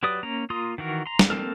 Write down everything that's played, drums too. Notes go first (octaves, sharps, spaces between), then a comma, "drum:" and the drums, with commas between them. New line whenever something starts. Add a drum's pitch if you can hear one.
F#3 G4 B4 D5 D#6
A#3 C#4 A#5
A#3 F4 A#5 C6 D#6
D#3 E3 F#4 A#4
A#5 C6
drum: snare
A#3 C4 A4 A#4